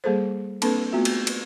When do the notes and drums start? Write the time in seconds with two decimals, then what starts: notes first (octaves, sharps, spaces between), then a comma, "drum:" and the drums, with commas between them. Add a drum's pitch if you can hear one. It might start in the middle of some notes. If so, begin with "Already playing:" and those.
0.04 G3 A#3 G#4 A4 C5
0.62 A#3 C4 D4 A4 B4, drum: cymbal
0.92 A3 B3 F4 F#4 E5
1.05 drum: cymbal
1.27 drum: cymbal